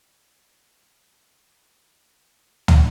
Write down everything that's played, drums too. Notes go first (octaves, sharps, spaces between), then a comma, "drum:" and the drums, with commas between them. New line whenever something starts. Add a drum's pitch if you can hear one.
F1 C#2 G#3 G4
F4
C#3 A5 C6
drum: tom